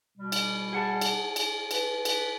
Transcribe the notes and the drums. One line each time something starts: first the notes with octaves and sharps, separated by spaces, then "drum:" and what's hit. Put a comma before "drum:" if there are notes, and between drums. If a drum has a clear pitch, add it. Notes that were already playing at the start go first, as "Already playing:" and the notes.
B2 G3
drum: cymbal
G#4 F#5 A5
drum: cymbal
drum: cymbal
B4, drum: cymbal
drum: cymbal